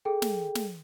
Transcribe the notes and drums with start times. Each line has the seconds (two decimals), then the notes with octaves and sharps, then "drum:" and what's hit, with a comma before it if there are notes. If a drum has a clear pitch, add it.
0.05 G#4 A4 G5
0.22 drum: snare
0.55 drum: snare